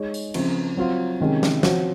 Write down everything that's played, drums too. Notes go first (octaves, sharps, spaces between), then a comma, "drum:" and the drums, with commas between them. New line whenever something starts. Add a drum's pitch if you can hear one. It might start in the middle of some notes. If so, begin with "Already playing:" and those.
Already playing: G#3 D#4 G#4 C#5
drum: tambourine
C#3 F3 C4, drum: cymbal
F#3 C4 F4
C3 D#3 G#3 C#4
drum: snare
F3 C4 F#4 C#5, drum: snare